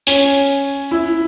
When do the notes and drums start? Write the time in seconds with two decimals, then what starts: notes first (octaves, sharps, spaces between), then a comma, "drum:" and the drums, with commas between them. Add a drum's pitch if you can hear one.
0.07 C#4, drum: open hi-hat
0.91 E4